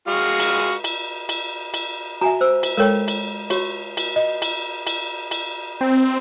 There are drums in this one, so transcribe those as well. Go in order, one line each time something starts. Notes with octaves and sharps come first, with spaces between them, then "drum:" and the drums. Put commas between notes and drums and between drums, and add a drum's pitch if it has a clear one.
G#3 F#4 F5
drum: cymbal
drum: cymbal
drum: cymbal
drum: cymbal
F#4 E5 G#5 A#5
C5 E6
drum: cymbal
G#3 A4 A#4 C#5 G5
drum: cymbal
F#4 G4 C#5, drum: cymbal
drum: cymbal
D#5
drum: cymbal
drum: cymbal
drum: cymbal
C4